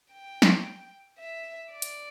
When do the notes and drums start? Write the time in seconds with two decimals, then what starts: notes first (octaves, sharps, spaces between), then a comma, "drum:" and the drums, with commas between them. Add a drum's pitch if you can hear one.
0.13 G5
0.42 drum: snare
1.19 E5
1.72 D5
1.82 drum: hi-hat